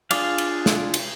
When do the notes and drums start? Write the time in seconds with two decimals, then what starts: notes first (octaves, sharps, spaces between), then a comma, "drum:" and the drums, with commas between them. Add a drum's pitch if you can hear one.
0.11 D4 F4 G#4 D5 F5, drum: cymbal
0.38 drum: cymbal
0.66 drum: snare
0.94 drum: cymbal